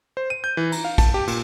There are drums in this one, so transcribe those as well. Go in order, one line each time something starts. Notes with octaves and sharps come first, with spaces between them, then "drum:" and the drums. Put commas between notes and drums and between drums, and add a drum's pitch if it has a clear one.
C5
D#7
G6
E3
A#5, drum: cymbal
F5
A5, drum: kick, cymbal
G4
A#2, drum: cymbal